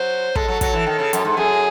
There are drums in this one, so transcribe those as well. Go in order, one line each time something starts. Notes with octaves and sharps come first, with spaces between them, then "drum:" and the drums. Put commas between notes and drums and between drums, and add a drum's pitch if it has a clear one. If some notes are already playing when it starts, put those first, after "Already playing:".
Already playing: F#3 C5
G#3 A4, drum: kick
F#3
F#3, drum: kick, hi-hat
E3
D#3
C#3
F#2, drum: hi-hat
G#2
F#2 G#4